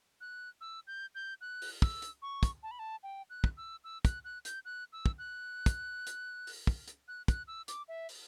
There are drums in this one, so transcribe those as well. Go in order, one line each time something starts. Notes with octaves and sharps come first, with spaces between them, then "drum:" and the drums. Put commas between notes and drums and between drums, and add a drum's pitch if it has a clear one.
F#6
E6
G6
G6
F#6
drum: open hi-hat
E6, drum: kick
drum: hi-hat
C#6
drum: kick, hi-hat
A5
B5
A5
G5
F#6
drum: kick
E6
E6
F#6, drum: kick, hi-hat
F#6
G6, drum: hi-hat
F#6
E6
drum: kick
F#6
drum: kick, hi-hat
drum: hi-hat
drum: open hi-hat
drum: kick
drum: hi-hat
F#6
F#6, drum: kick, hi-hat
E6
D6, drum: hi-hat
E5
drum: open hi-hat